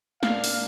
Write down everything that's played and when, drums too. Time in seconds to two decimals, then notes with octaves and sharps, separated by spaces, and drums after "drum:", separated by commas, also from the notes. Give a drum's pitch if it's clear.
0.23 A#2 A#3 D4 F5, drum: snare
0.44 drum: open hi-hat